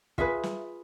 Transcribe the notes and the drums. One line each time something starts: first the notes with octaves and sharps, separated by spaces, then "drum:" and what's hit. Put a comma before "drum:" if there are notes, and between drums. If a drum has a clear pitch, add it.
F4 G#4 B4 E5, drum: kick
drum: snare